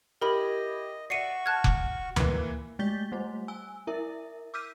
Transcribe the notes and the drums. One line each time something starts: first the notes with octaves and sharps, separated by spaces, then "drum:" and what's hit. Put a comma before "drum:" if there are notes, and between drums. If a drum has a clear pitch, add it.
E4 G4 A#4 D#5 B5 F#7
F#4 D5 E5 C#6 C7 C#7 D#7
A5 F6 F#6 G#6
drum: kick F1
E3 A#3 B4, drum: tom D2
G#3 A3 G6 A6 B6 G7
G3 A3 C5
G#5 E6
E4 A#4 E5
D6 E6 F6 G6 B6 D#7